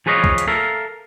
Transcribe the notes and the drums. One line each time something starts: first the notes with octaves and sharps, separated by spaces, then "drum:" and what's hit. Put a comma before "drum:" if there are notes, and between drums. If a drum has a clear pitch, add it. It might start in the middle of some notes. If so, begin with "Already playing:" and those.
F3 G#4 B4 C#5 D#5 F5
drum: kick
drum: hi-hat
A4 A#4 E5 F5